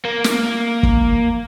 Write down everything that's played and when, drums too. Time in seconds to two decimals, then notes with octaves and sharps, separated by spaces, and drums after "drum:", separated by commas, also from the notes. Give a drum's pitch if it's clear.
0.05 A#3
0.24 drum: snare
0.83 drum: kick